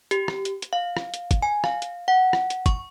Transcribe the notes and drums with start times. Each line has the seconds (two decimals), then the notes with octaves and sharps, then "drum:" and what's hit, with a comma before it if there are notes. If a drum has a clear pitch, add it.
0.11 G4, drum: hi-hat
0.28 drum: rim click
0.45 drum: hi-hat
0.62 drum: hi-hat
0.73 F5
0.97 drum: rim click
1.14 drum: hi-hat
1.31 drum: kick, hi-hat
1.42 G#5
1.64 F5, drum: rim click
1.82 drum: hi-hat
2.08 F#5
2.33 drum: rim click
2.50 drum: hi-hat
2.66 C#6, drum: kick, hi-hat